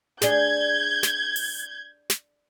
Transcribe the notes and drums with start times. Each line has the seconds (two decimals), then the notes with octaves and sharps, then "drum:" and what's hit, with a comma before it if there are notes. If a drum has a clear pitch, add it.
0.22 D4 G#4 G6 G#6, drum: snare
1.03 drum: snare
1.36 drum: open hi-hat
2.10 drum: snare